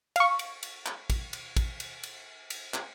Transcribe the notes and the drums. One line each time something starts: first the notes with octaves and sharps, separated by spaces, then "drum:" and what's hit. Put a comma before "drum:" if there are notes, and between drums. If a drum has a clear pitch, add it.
F5 C#6, drum: cymbal
drum: cymbal
drum: cymbal
drum: clap
drum: kick, cymbal
drum: cymbal
drum: kick, cymbal
drum: cymbal
drum: cymbal
drum: cymbal
drum: clap